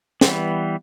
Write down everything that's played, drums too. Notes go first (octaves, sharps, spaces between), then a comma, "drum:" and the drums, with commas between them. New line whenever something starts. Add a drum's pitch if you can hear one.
E3 G3 B3, drum: snare